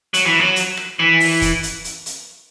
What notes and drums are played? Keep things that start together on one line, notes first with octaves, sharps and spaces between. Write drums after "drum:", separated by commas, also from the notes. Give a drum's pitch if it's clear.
F#3, drum: hi-hat
E3
F#3
drum: hi-hat
drum: rim click
E3
drum: open hi-hat
drum: kick, hi-hat
drum: hi-hat
drum: hi-hat
drum: hi-hat